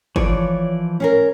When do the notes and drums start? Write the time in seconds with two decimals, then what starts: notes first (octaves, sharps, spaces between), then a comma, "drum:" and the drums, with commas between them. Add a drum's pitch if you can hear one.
0.16 E3 F3 C#5 D5, drum: kick
1.00 C#4 G#4 A#4